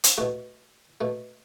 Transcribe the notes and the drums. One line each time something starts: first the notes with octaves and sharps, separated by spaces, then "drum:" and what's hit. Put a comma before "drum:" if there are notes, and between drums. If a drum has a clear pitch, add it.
drum: hi-hat
B2 A3 F#4
B2 A3